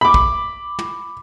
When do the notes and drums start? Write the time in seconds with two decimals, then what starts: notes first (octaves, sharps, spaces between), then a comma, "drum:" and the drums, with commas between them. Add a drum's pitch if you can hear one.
0.01 B5 D6
0.14 drum: kick
0.79 drum: tom